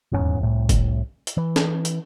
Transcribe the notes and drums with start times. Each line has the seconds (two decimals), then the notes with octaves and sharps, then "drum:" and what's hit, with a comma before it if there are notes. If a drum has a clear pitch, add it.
0.12 D#1 E2 G#2 C#4
0.40 C2 A2
0.69 drum: kick, hi-hat
1.27 drum: hi-hat
1.37 E3
1.56 drum: snare
1.85 drum: hi-hat